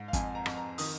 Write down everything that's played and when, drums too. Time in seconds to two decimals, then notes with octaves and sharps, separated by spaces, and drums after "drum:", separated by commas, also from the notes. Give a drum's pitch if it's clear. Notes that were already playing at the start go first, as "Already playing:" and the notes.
Already playing: G#2
0.08 F5
0.13 F2 G#5, drum: kick, hi-hat
0.35 A#5
0.46 F2, drum: rim click
0.57 A#5
0.78 D#3 D#6, drum: open hi-hat